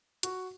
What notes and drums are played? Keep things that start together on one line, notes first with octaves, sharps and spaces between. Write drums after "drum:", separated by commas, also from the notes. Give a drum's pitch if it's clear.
F#4, drum: hi-hat